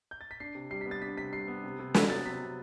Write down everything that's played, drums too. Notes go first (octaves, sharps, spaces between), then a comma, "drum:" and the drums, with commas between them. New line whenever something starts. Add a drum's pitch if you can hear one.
G6
A6
B6
D4 C7
C3
G3 C7
B3 B6
A6
D4 B6
C3 B6
G3 C7
B3
C3
C3
F#3 B6, drum: snare
B3 A6
C3 B6
C3